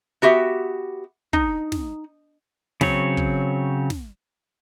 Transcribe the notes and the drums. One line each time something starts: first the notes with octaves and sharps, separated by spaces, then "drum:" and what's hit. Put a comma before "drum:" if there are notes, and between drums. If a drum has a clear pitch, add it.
B3 F#4 G4 E5
D#4, drum: kick
drum: snare
C#3 F#3 C4 C#5, drum: snare
drum: kick
drum: snare